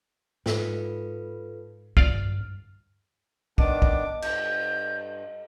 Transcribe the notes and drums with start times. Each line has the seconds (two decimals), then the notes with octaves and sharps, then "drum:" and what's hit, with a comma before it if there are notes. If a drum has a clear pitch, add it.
0.46 G#2 F4 A4 B4, drum: snare
1.97 D2 G2 F4 D5 F5 F6, drum: kick
3.58 D#3 B3 D4 D#5 D6, drum: kick
3.82 drum: kick
4.22 G2 G6, drum: cymbal